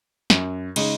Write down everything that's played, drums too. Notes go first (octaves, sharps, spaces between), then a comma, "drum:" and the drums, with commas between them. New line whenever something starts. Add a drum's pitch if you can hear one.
F#2, drum: snare
C#3 G#3 D#4, drum: cymbal